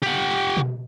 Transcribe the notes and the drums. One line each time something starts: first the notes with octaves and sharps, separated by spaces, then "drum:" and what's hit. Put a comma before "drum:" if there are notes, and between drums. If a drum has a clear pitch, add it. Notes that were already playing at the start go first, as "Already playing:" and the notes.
G4 F#5
drum: tom B2